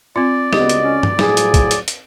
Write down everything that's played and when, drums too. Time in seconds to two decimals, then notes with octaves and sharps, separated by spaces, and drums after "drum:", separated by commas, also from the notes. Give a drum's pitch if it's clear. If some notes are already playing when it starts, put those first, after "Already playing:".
0.16 C4 F4 D5
0.53 C#2 B3 F#4 G4 D#5, drum: snare
0.69 drum: hi-hat
0.83 C#4
1.03 drum: tom G2
1.19 A2 F3 F#3 G#4, drum: snare
1.37 drum: hi-hat
1.54 drum: kick, hi-hat
1.71 drum: hi-hat
1.88 drum: hi-hat